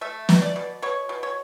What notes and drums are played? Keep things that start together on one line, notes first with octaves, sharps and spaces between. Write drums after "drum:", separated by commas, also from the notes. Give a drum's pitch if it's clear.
A3 E5
B2, drum: snare
D5
B2
B2 C#5
B2
C#5